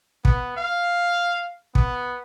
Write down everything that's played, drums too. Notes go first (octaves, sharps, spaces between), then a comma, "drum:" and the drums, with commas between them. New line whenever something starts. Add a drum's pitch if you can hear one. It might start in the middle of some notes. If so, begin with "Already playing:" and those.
B3, drum: kick
F5
B3, drum: kick